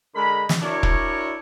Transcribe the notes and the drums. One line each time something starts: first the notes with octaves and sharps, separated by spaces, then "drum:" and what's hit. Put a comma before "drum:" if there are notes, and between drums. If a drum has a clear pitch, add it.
D3 G#3 A#4 B5
drum: snare
D4 E4 F#4 A#4 C#5 D5
drum: kick E1